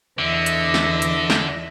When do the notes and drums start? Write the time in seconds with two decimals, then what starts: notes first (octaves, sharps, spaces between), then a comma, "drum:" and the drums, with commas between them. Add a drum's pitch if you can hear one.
0.19 E2 D3 D#5 E5
0.46 drum: hi-hat
0.74 drum: snare
1.02 drum: hi-hat
1.30 drum: snare